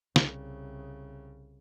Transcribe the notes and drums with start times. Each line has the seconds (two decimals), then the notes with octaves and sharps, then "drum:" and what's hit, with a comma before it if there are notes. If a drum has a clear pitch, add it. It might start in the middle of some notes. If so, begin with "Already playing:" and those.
0.16 C2 C#3, drum: snare